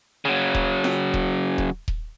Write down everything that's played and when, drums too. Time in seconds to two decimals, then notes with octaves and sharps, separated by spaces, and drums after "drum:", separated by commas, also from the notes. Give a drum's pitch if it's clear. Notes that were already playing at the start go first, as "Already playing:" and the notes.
0.25 C#3 F#3
0.55 drum: kick D#1
0.84 drum: snare F4
1.14 drum: kick D#1
1.58 drum: kick D#1
1.88 drum: kick D#1